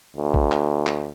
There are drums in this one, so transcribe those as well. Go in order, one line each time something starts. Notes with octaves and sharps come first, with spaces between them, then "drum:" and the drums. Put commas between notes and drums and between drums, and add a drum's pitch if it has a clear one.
D2
drum: kick
drum: clap
drum: clap